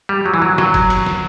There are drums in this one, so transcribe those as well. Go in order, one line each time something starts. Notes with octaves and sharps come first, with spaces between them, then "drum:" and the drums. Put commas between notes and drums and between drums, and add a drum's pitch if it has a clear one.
G3
F#3
E3
F#3
F#3, drum: snare
drum: kick F1, cymbal
drum: cymbal
drum: snare